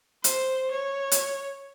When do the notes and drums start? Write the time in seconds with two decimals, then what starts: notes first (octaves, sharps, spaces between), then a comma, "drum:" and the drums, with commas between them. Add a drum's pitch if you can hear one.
0.24 C5, drum: hi-hat
0.72 C#5
1.11 drum: hi-hat